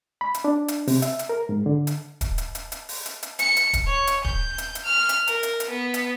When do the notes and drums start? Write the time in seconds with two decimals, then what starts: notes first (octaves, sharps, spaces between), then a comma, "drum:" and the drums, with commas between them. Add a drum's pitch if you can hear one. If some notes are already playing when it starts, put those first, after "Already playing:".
0.21 B5
0.34 drum: hi-hat
0.44 D4
0.68 drum: hi-hat
0.87 C3, drum: open hi-hat
1.02 E5, drum: hi-hat
1.19 drum: hi-hat
1.29 A#4
1.49 G#2
1.66 D3
1.87 drum: hi-hat
2.21 drum: kick, hi-hat
2.38 drum: hi-hat
2.55 drum: hi-hat
2.72 drum: hi-hat
2.89 drum: open hi-hat
3.06 drum: hi-hat
3.23 drum: hi-hat
3.39 C#7, drum: hi-hat
3.56 drum: hi-hat
3.73 drum: kick, hi-hat
3.86 C#5
4.07 drum: hi-hat
4.25 G6, drum: kick
4.58 drum: hi-hat
4.75 drum: hi-hat
4.84 F6
5.09 drum: hi-hat
5.27 A#4, drum: hi-hat
5.43 drum: hi-hat
5.60 drum: hi-hat
5.69 B3
5.94 drum: hi-hat